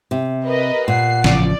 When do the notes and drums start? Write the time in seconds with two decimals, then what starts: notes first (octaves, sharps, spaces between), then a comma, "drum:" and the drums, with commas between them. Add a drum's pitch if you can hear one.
0.11 C3
0.44 A#4 B4 D#5
0.88 A#2 F#5 C7
1.24 A1 C#3 F3 D5, drum: snare